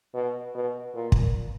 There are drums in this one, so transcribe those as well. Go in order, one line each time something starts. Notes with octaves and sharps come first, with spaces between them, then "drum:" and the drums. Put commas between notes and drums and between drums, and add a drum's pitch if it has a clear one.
B2
B2
A#2
drum: kick